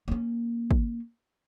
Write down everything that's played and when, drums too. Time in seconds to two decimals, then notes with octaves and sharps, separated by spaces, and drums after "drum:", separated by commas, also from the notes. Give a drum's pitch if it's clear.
0.08 A#3 C#4
0.71 drum: kick